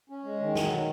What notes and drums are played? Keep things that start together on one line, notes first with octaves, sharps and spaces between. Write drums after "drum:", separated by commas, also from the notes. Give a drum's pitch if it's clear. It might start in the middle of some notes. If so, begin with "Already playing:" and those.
C#4
G#3
D#3
F#3, drum: snare
D#3